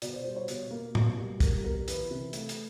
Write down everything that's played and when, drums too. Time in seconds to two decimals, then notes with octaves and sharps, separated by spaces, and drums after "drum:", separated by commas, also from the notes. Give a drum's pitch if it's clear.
0.02 B2 D5, drum: hi-hat
0.14 C5
0.24 G3 C5
0.36 C#5
0.48 B2, drum: hi-hat
0.71 A#3
0.95 B2, drum: tom A2
1.18 G3
1.40 G3 A#4, drum: kick, hi-hat
1.63 B2 A#4
1.88 E3 B4, drum: hi-hat
2.11 C3
2.33 A3, drum: hi-hat
2.49 drum: hi-hat